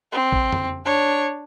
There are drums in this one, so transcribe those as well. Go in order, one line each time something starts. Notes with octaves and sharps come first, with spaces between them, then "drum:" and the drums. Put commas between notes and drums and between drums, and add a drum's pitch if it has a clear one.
C4
drum: kick
drum: tom F2
D4 C#5